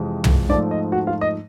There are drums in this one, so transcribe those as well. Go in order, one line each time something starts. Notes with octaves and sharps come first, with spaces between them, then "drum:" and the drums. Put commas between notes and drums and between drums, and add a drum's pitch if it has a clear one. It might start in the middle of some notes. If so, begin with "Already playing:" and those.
Already playing: F2 C3 E3 G#3
drum: tom
G#2 F3 A3 D5
D#5
F#4 F#5
F4 F5
D#5